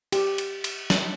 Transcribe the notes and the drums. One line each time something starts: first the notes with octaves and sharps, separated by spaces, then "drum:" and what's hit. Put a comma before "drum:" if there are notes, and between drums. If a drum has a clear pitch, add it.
G4, drum: cymbal
drum: cymbal
drum: cymbal
drum: snare